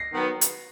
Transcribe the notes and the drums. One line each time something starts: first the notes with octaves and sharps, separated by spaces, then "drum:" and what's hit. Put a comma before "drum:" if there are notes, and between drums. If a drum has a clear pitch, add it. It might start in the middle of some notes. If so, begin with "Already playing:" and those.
Already playing: A#6 C7
D#3 F#3 B3
drum: hi-hat